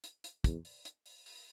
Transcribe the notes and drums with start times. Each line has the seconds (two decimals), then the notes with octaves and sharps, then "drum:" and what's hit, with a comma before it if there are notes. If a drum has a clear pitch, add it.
0.04 drum: hi-hat
0.24 drum: hi-hat
0.44 E2, drum: kick, hi-hat
0.65 drum: open hi-hat
0.85 drum: hi-hat
1.06 drum: open hi-hat
1.26 drum: open hi-hat